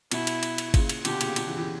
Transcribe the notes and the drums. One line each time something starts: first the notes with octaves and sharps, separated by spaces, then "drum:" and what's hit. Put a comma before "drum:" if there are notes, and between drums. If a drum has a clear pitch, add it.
B2 E4, drum: cymbal
drum: cymbal
drum: cymbal
drum: cymbal
A#2 C#3, drum: kick G1, cymbal
drum: cymbal
B2 D3 G4, drum: cymbal
A#2 C#3, drum: cymbal
B2 D3, drum: cymbal
C#3 E3
C#3 E3